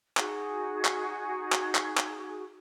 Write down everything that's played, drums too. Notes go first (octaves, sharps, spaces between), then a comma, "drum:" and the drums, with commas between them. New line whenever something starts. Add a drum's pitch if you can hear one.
D#4 F#4 G#4, drum: clap
drum: clap
drum: clap
drum: clap
drum: clap